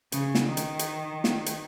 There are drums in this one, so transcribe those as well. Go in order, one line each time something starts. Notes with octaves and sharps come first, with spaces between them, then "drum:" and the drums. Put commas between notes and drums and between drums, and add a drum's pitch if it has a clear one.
C#3, drum: hi-hat
drum: snare
D#3
drum: hi-hat
drum: hi-hat
drum: snare
drum: hi-hat